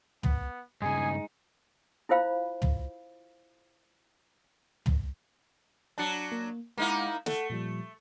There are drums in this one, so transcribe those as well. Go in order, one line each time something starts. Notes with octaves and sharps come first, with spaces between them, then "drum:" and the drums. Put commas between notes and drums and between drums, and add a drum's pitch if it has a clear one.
B3, drum: tom
G2 C#3 G#3 D#4 G#4 G#5
E4 F4 C5 F5 B5
drum: tom
drum: tom
F#3 D4 A5 F#6 C#7
A#3
G#3 A#3 D#4 E4 F#5
A3 A4 F#5, drum: snare
A#2 F3 G3